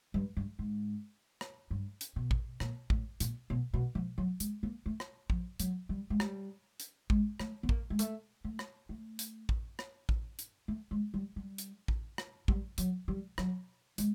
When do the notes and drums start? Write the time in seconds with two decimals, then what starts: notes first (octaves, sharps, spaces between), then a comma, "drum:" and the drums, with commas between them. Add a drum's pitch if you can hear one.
0.14 G2
0.37 G2
0.59 G#2
1.41 drum: rim click
1.71 G2
2.01 drum: hi-hat
2.16 B2
2.31 drum: kick A1
2.60 A#2, drum: rim click
2.90 A2, drum: kick A1
3.20 A#2, drum: hi-hat
3.50 B2
3.74 B2
3.95 F3
4.18 F#3
4.40 G#3, drum: hi-hat
4.63 A#3
4.86 A3
5.00 drum: rim click
5.30 F3, drum: kick A1
5.60 F#3, drum: hi-hat
5.89 G3
6.10 G#3
6.20 G3, drum: rim click
6.80 drum: hi-hat
7.10 G#3, drum: kick A1
7.40 A3, drum: rim click
7.63 B3
7.69 A#3, drum: kick A1
7.90 G#3
7.99 A3, drum: hi-hat
8.44 A3
8.59 drum: rim click
8.89 A3
9.19 drum: hi-hat
9.49 drum: kick A1
9.79 drum: rim click
10.09 drum: kick A1
10.39 drum: hi-hat
10.68 A3
10.91 G#3
11.14 G3
11.36 G3
11.58 drum: hi-hat
11.88 drum: kick A1
12.18 drum: rim click
12.48 G3, drum: kick A1
12.78 F#3, drum: hi-hat
13.08 G3
13.38 F#3, drum: rim click
13.98 G#3, drum: hi-hat